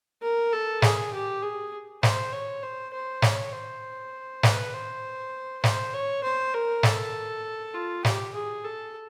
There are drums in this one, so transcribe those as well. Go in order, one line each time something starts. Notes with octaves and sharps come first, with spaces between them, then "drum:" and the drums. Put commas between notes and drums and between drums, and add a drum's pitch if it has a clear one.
A#4
A4
G#4, drum: snare
G4
G#4
C5, drum: snare
C#5
C5
C5
C#5, drum: snare
C5
B4, drum: snare
C5
C5, drum: snare
C#5
C5
A#4
A4, drum: snare
F4
G4, drum: snare
G#4
A4